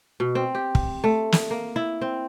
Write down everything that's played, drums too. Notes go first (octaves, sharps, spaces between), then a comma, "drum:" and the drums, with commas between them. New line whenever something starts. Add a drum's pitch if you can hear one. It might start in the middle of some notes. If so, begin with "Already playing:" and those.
B2
C4
G4
drum: kick
A3
drum: snare
A#3
E4
C4